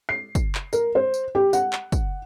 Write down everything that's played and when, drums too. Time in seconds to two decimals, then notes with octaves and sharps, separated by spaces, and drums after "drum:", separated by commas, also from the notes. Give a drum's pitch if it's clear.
0.09 C7
0.35 drum: kick, tambourine
0.55 drum: clap
0.73 A#4, drum: tambourine
0.95 C5
1.14 drum: tambourine
1.35 G4
1.53 F#5, drum: tambourine
1.73 drum: clap
1.92 drum: kick, tambourine